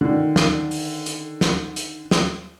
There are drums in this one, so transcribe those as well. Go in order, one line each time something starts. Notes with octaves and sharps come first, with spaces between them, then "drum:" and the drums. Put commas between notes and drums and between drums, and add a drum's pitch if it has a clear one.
D3 D#3
drum: snare
drum: open hi-hat
drum: hi-hat
drum: snare
drum: hi-hat
drum: snare